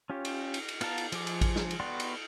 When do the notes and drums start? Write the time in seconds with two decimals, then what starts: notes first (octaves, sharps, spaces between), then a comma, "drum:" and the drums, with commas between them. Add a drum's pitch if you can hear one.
0.10 C#4 F4 G4 C#5
0.25 drum: cymbal
0.54 drum: cymbal
0.68 drum: cymbal
0.81 B3 F4 F5 A5 A#5, drum: cymbal
0.98 drum: cymbal
1.12 F3 G#4 D6, drum: cymbal
1.27 drum: cymbal
1.41 drum: kick A1, cymbal
1.56 drum: snare
1.71 drum: cymbal
1.80 B3 F#4 D5 G5 C6
2.00 drum: cymbal